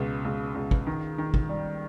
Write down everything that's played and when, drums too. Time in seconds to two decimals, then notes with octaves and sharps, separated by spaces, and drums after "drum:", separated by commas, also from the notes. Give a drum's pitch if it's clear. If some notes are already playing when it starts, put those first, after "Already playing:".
Already playing: C#2 B2
0.25 C#2
0.55 C#2
0.71 drum: kick
0.87 D#3
1.18 D#3
1.34 drum: kick
1.49 G3